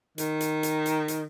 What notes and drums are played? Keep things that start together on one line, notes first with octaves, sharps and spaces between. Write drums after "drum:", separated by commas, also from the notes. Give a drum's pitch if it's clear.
D#3, drum: hi-hat
drum: hi-hat
drum: hi-hat
drum: hi-hat
drum: hi-hat